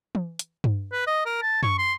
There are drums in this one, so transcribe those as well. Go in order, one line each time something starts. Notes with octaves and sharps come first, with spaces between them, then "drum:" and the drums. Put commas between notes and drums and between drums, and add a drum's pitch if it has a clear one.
drum: tom E3
drum: hi-hat
drum: tom G2
B4
D#5
A#4
A5
C#6, drum: tom F#2
C6